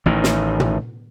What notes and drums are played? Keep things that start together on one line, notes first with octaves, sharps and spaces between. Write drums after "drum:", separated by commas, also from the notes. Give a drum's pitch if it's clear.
A1 A2 D#3
drum: snare
drum: tom